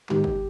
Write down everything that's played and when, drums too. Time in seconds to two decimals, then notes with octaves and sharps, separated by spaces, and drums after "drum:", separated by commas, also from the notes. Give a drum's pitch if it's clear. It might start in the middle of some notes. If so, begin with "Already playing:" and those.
0.09 G#2 D#3 G4, drum: clap
0.24 drum: kick